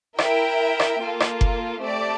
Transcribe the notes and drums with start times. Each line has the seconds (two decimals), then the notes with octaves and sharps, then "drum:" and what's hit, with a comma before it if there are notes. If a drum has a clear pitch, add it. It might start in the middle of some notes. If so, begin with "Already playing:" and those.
0.18 E4 A#4 E5 G5, drum: rim click
0.80 drum: rim click
1.01 A#3 F4 A4
1.20 drum: rim click
1.41 drum: kick F#1
1.81 A3 C4 G4 D5 A5